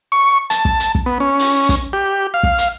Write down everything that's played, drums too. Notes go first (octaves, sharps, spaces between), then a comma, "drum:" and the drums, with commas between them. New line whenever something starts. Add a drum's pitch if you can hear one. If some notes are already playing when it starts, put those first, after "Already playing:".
C#6
A5, drum: hi-hat
drum: kick
drum: hi-hat
drum: kick
B3
C#4
drum: open hi-hat
drum: kick, hi-hat
G4
F5
drum: kick
drum: hi-hat